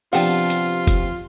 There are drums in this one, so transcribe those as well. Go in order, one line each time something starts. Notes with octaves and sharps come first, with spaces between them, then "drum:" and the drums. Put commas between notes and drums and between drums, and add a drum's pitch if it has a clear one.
C3 F3 B3 D4 F4 G4 F#5
drum: hi-hat
drum: kick F1, hi-hat